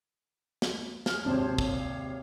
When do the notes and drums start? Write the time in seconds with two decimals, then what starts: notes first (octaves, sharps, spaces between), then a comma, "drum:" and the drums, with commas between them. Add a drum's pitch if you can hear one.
0.62 drum: snare
1.06 G#4 C#5 F6, drum: snare
1.25 G#1 D#2 C3 C5 C#5 A5
1.58 C#5 F5, drum: kick